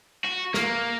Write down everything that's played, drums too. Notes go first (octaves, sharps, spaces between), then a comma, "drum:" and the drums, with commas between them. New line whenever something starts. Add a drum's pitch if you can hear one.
F#4
A#3, drum: snare